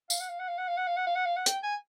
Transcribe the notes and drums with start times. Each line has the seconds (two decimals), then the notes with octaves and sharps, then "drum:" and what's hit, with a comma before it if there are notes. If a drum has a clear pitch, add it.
0.10 F5, drum: tambourine
0.21 F#5
0.29 F5
0.40 F#5
0.49 F5
0.58 F#5
0.68 F5
0.77 F#5
0.87 F5
0.97 F#5
1.07 F5
1.15 F#5
1.26 F5
1.37 F#5
1.46 G5, drum: hi-hat
1.63 G#5